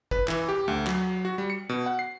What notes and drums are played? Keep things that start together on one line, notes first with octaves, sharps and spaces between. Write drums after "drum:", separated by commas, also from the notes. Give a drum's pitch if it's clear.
B4, drum: kick
E3, drum: clap
G4
D2
F#3, drum: clap
F#4
G3
C#7
B2
F#5
C7